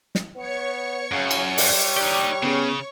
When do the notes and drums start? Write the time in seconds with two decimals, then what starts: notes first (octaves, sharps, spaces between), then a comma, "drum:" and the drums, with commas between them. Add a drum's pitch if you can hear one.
0.15 drum: snare
0.36 B3 C#5 C#6
1.11 F#2 C#3
1.31 drum: cymbal
1.58 G3 D5, drum: open hi-hat
1.97 D#4 G4 D5 F#6
2.43 C#3 B3 C#4 G#4